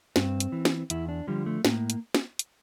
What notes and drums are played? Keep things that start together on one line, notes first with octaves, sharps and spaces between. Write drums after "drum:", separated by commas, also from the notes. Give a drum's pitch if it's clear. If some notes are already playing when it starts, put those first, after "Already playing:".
G2 C4, drum: snare
drum: hi-hat
E3
drum: snare
E2 E4, drum: hi-hat
D4
D3 F3 G3
A3
A2 A#3, drum: snare
drum: hi-hat
drum: snare
drum: hi-hat